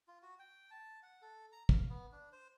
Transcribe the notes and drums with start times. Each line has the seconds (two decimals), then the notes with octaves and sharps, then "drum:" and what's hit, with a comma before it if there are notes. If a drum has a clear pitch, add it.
0.08 F4
0.23 F#4
0.39 G5
0.71 A5
1.03 F#5
1.22 A4
1.52 A#5
1.69 F5, drum: kick
1.89 B3
2.12 D4
2.32 C5